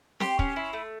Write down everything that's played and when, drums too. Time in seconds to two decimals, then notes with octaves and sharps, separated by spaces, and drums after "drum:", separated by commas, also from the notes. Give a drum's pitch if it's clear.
0.20 G4 C6, drum: snare C4
0.39 C#4, drum: kick
0.56 E4
0.73 A3